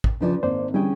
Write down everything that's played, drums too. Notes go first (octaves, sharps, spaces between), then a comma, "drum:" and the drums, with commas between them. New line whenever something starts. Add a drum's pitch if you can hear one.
drum: kick A1
C#3 F3 D4 B4 D5
G#1 A#3 C5 D5
D3 E3 G3 C#4 G#4 G5